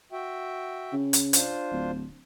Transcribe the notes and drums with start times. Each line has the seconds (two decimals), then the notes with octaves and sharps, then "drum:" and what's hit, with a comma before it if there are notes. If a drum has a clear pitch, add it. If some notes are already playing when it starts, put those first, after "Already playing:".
0.12 F#4 E5 G5
0.92 C#3
1.13 drum: hi-hat
1.33 D4 F4 C5, drum: hi-hat
1.72 D1